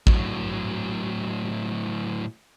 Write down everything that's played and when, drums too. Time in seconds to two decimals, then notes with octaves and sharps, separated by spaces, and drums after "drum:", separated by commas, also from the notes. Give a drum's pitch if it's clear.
0.07 A2 F#3, drum: kick A1